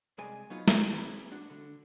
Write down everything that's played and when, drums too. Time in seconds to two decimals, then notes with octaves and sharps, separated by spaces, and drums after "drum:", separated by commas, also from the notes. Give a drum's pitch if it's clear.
0.18 C2 G#3 G#4 D5 G#5
0.50 F#3 B3 D#4 F4
0.68 drum: snare
0.77 F#4
0.91 A#3 C4 G#4 B4
1.32 D4 F#4
1.50 D3